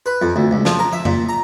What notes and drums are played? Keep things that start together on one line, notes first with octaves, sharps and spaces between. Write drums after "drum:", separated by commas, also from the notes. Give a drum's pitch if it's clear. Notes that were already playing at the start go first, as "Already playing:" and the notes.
B4
F2
D2
C#2
F3, drum: snare
A#4
E5
A#2, drum: tom F2
A#5